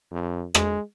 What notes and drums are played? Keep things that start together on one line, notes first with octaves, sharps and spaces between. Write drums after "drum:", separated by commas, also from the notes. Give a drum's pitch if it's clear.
F2
G#3, drum: rim click